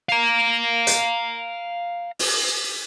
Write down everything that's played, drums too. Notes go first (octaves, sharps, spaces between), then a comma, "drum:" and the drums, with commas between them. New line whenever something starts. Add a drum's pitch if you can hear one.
F5 A#5
drum: hi-hat
drum: open hi-hat